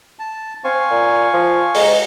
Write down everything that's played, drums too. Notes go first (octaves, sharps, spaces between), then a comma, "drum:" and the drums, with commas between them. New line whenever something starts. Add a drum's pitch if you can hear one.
A5
C4 F5 G#5 C#6
A#2
F3
G#3, drum: open hi-hat